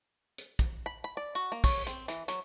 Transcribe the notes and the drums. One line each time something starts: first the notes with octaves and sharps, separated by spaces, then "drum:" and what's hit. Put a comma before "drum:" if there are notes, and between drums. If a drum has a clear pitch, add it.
drum: hi-hat
drum: kick, hi-hat
B5
B5
D5
F#4
A#3
C#5, drum: kick, open hi-hat
C4, drum: hi-hat
E3, drum: hi-hat
F#3, drum: hi-hat